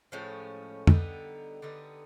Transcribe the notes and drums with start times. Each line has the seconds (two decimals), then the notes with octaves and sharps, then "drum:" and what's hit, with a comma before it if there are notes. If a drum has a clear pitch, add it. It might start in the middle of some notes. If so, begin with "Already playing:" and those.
0.12 A2 F3 G#3 C#4
0.87 D3 G3 B3 D#4, drum: tom
1.62 D3 G3 B3 D#4